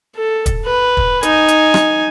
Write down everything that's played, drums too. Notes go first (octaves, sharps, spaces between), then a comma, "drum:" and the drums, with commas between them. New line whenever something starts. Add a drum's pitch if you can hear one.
A4
drum: kick, hi-hat
B4
drum: kick
D#4 G#5, drum: hi-hat
drum: hi-hat
drum: rim click